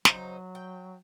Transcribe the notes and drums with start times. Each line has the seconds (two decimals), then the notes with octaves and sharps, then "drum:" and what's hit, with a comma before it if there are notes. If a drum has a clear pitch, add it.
0.05 C#3 F#3 D#4 C5, drum: snare
0.55 G5